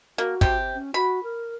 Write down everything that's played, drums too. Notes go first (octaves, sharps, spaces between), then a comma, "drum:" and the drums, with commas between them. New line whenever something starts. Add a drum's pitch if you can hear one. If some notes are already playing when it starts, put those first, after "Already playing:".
A#3 F#4
C3 G4, drum: kick
C#4
F#4 B5
A#4